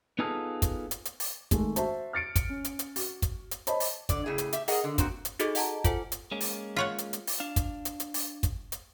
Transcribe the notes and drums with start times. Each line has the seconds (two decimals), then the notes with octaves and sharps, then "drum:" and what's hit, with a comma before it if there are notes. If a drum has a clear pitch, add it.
0.19 B3 D#4 F4 G#4 A4 F5
0.62 drum: kick, hi-hat
0.91 drum: hi-hat
1.05 drum: hi-hat
1.20 drum: open hi-hat
1.51 D#3 G#3 A3, drum: kick, hi-hat
1.76 F#4 C5 E5 A5, drum: hi-hat
2.13 F6 A6 C#7 D7
2.36 drum: kick, hi-hat
2.49 C#4
2.64 drum: hi-hat
2.79 drum: hi-hat
2.96 F#4, drum: open hi-hat
3.22 drum: kick, hi-hat
3.51 drum: hi-hat
3.67 C5 C#5 D#5 A5 B5, drum: hi-hat
3.80 drum: open hi-hat
4.09 D3 D5, drum: kick, hi-hat
4.26 A2 C#3 G#4
4.38 drum: hi-hat
4.53 G4 E5, drum: hi-hat
4.68 G#4 A#4 D#5 F#5, drum: open hi-hat
4.84 D3
4.98 A#3 C4 F#4, drum: kick, hi-hat
5.25 drum: hi-hat
5.39 D#4 F#4 G#4 A4 D#5 D6, drum: hi-hat
5.55 D#5 F#5 A5 A#5, drum: open hi-hat
5.84 F4 A4 C5 F#5 G#5, drum: kick, hi-hat
6.12 drum: hi-hat
6.31 G#3 A#3 C#4
6.41 drum: open hi-hat
6.76 F4 C#5 F#5
6.98 drum: hi-hat
7.13 drum: hi-hat
7.27 drum: open hi-hat
7.40 D4 F5
7.56 drum: kick, hi-hat
7.85 drum: hi-hat
8.00 drum: hi-hat
8.14 drum: open hi-hat
8.43 drum: kick, hi-hat
8.72 drum: hi-hat